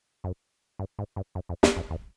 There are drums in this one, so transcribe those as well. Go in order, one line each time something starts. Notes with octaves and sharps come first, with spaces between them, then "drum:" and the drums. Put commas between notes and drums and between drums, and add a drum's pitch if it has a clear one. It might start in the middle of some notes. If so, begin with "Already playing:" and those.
F#2
G2
G#2
G2
F#2
F2
E2, drum: snare
F2
E2